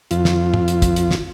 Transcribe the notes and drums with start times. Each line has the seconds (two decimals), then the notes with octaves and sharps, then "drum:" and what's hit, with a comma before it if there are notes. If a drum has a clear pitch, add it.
0.11 F2 F4, drum: hi-hat
0.25 drum: snare
0.54 drum: tom
0.68 drum: hi-hat
0.82 drum: kick, hi-hat
0.96 drum: hi-hat
1.11 drum: snare